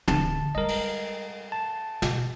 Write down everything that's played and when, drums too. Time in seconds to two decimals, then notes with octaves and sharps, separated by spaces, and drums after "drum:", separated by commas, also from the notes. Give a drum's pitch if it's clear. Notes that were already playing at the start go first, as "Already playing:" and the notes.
0.08 D1 D3 A5, drum: tom
0.55 G3 G#3 A#4 D#5
0.68 drum: cymbal
1.52 A5
2.02 B2, drum: snare